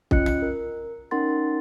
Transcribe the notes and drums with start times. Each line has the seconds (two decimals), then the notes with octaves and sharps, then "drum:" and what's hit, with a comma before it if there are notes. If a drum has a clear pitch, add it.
0.11 C#4 F4 D#5 F#6 C#7, drum: kick
0.26 drum: tom
0.42 A#4
1.11 C#4 D#4 A#4 F#5 C6 A6